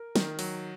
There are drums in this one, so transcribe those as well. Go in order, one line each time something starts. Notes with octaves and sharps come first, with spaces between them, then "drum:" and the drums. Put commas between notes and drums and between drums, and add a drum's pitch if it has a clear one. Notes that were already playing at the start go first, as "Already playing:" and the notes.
Already playing: A#4
D#3, drum: snare
F#3, drum: open hi-hat